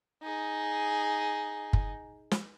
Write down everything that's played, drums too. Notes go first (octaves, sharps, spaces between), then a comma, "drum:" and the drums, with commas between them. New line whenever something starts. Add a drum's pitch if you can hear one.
D#4 G#4
drum: kick F#1
drum: snare